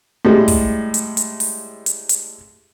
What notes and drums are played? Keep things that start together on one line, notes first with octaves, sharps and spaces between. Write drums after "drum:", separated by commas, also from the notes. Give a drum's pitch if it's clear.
A2 G3 G#3
drum: kick, open hi-hat
drum: hi-hat
drum: hi-hat
drum: open hi-hat
drum: hi-hat
drum: hi-hat